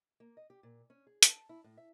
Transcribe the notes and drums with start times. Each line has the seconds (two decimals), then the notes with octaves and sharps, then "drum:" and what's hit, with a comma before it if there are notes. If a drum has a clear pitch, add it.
0.20 A#3
0.37 D#5
0.50 G4
0.63 A#2
0.90 C#4
1.07 G#4
1.23 A5, drum: hi-hat
1.49 E4
1.64 A2
1.77 E5